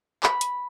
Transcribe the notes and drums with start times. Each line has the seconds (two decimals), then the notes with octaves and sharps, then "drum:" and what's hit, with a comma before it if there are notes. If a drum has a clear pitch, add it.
0.23 B5, drum: clap
0.41 drum: hi-hat